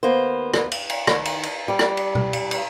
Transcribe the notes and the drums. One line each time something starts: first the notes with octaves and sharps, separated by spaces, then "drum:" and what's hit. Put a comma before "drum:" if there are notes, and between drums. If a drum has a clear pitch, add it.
D#2 A#3 B3 C5
drum: rim click
drum: cymbal
drum: cymbal
D#3, drum: rim click
drum: cymbal
drum: cymbal
G3 D5
drum: rim click
drum: cymbal
drum: tom B2
drum: cymbal
drum: cymbal